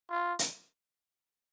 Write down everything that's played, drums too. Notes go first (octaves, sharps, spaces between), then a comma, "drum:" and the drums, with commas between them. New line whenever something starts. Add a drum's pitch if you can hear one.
F4
drum: hi-hat